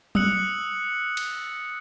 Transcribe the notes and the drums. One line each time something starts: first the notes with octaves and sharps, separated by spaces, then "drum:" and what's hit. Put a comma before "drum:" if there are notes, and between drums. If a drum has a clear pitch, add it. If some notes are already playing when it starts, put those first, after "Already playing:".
D#6 E6 F#6 C#7 F#7, drum: tom
drum: cymbal